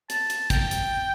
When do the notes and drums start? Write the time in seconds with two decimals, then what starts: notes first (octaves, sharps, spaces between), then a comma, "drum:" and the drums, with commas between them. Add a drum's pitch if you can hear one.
0.10 A5, drum: hi-hat
0.30 drum: hi-hat
0.50 G5, drum: kick, hi-hat
0.71 drum: hi-hat